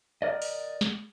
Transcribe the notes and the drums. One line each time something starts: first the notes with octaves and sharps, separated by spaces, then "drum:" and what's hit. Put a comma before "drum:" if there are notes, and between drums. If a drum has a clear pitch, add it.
A#4 D5 D#5
drum: open hi-hat
drum: snare